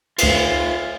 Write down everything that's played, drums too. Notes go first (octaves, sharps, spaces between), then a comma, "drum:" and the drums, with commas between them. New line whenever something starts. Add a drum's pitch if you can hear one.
D2 F4 E5 F5 C7, drum: cymbal